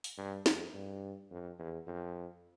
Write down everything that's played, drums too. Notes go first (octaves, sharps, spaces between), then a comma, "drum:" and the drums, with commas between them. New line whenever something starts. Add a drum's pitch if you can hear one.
drum: open hi-hat
G2
F2, drum: snare
G2
F2
E2
F2